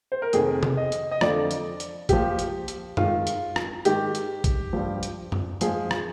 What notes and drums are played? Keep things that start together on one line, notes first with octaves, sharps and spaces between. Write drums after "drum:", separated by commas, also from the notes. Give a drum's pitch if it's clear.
C5
A#4
F2 C3 D#3 G#4, drum: hi-hat
drum: tom
D#5
drum: hi-hat
D#5
F2 D3 F3 D5, drum: rim click
drum: hi-hat
drum: hi-hat
A#2 F3 G4, drum: kick, hi-hat
drum: hi-hat
drum: hi-hat
G#2 D#3 F4, drum: tom F#2
drum: hi-hat
drum: rim click
G#2 D#3 G4, drum: hi-hat
drum: hi-hat
drum: kick, hi-hat
G2 F3
drum: hi-hat
drum: tom F#2
G#2 F3 G#4, drum: hi-hat
drum: rim click